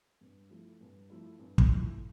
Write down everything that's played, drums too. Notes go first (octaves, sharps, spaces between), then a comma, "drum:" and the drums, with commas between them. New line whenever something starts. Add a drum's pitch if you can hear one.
G2
F3 A3 E4
G2
F3 A3 E4
G2
drum: kick
F3 A3 E4